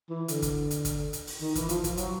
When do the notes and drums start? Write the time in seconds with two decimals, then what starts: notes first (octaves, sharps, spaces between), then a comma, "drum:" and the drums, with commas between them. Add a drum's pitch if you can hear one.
0.10 E3
0.28 D3, drum: hi-hat
0.42 drum: kick G1, hi-hat
0.71 drum: hi-hat
0.85 drum: kick G1, hi-hat
1.13 drum: hi-hat
1.27 drum: open hi-hat
1.41 D#3
1.55 E3, drum: kick G1, hi-hat
1.69 F3, drum: hi-hat
1.84 F3, drum: kick G1, hi-hat
1.97 F#3, drum: hi-hat